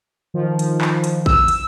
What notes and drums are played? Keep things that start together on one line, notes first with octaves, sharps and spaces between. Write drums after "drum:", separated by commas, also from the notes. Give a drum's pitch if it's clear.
D#3 F3
drum: hi-hat
drum: clap
drum: hi-hat
E6, drum: kick A1
drum: hi-hat